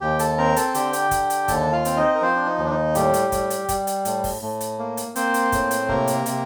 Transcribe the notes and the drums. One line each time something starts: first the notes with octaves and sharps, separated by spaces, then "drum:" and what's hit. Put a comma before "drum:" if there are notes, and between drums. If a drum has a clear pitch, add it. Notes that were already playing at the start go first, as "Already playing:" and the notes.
D#2 G4 G5
A4 A5, drum: hi-hat
C4 A#4 A#5
A4 A5, drum: hi-hat
D3 G4 G5, drum: hi-hat
drum: hi-hat
D3, drum: kick, hi-hat
drum: hi-hat
D#2 A4 A5, drum: kick, hi-hat
F4 F5
C4, drum: hi-hat
D#4 D#5
A#4
F3 C4 C5
D4
D#4
D#2
D4
D#4
A2 G3 G4, drum: hi-hat
drum: hi-hat
G3, drum: kick, hi-hat
drum: hi-hat
G3, drum: kick, hi-hat
drum: hi-hat
A2, drum: hi-hat
drum: kick, open hi-hat
A2
drum: hi-hat
A#3
drum: hi-hat
A#3 C4 C5, drum: hi-hat
drum: hi-hat
A2, drum: kick, hi-hat
drum: hi-hat
C3 A#3 A#4, drum: kick
drum: hi-hat
C3, drum: hi-hat